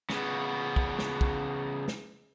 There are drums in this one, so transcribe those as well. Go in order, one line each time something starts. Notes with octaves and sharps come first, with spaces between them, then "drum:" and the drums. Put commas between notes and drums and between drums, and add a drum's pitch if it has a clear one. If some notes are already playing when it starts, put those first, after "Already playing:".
C#3 B3, drum: snare
drum: kick
drum: snare
drum: kick
drum: snare